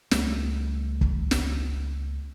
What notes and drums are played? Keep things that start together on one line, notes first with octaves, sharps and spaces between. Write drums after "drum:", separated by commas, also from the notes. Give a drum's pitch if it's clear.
C#2 G3 A3, drum: snare
drum: kick
drum: snare